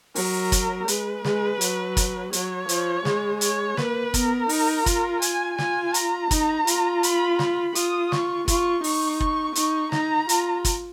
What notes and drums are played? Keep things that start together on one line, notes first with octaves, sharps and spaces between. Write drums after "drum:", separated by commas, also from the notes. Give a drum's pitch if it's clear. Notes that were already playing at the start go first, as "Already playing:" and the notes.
F#3 A#4, drum: open hi-hat
drum: kick, hi-hat
G#3 B4, drum: hi-hat
G#3, drum: snare
F#3, drum: hi-hat
drum: kick, hi-hat
F#3 C#5, drum: hi-hat
F3, drum: hi-hat
G#3, drum: snare
C#5, drum: hi-hat
A#3 B4, drum: snare
B3 A#4, drum: kick, hi-hat
D#4, drum: open hi-hat
F4, drum: kick, hi-hat
G#5, drum: hi-hat
F4 G#5, drum: snare
A#5, drum: hi-hat
D#4, drum: kick, hi-hat
F4, drum: hi-hat
B5, drum: hi-hat
B5, drum: snare
F4 D#6, drum: hi-hat
C#6, drum: snare
F4 C#6, drum: kick, hi-hat
D#4 C#6, drum: open hi-hat
C#6, drum: kick
D#4 C#6, drum: hi-hat
D#4 A#5, drum: snare
F4, drum: hi-hat
drum: kick, hi-hat